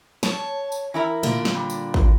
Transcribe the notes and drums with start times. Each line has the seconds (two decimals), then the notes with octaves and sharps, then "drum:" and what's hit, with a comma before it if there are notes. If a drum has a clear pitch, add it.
0.23 C#5 A5, drum: snare
0.72 drum: tambourine
0.94 E3 E4 A#4
1.23 A#2 D3, drum: tom A#2
1.45 drum: snare
1.55 G3
1.70 drum: tambourine
1.94 drum: kick G#1